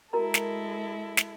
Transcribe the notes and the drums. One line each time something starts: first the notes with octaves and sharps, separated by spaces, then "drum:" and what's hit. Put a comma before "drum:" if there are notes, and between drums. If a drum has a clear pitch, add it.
G#3 E4 F#4 A4 A#4 A#5
drum: snare
drum: snare